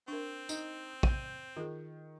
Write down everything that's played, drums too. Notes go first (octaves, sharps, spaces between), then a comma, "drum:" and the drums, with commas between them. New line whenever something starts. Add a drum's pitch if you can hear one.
C4 D4 A#4
D#4, drum: tambourine
G6 D#7, drum: kick
D#3 F4 G#4